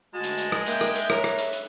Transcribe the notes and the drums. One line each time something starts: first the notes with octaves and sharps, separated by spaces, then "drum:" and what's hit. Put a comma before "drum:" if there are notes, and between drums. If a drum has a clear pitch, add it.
D2 G#3 F#4 A5
drum: hi-hat
drum: hi-hat
drum: rim click
A#3 E5 G5 F#6, drum: hi-hat
drum: rim click
drum: hi-hat
A#4 C#5, drum: rim click
drum: rim click
drum: hi-hat
drum: hi-hat